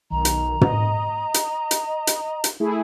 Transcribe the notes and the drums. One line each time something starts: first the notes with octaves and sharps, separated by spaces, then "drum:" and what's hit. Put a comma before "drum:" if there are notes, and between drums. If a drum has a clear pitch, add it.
B1 D#3 A#5
drum: hi-hat
D#5, drum: tom
drum: hi-hat
drum: hi-hat
drum: hi-hat
drum: hi-hat
A3 E4 G#4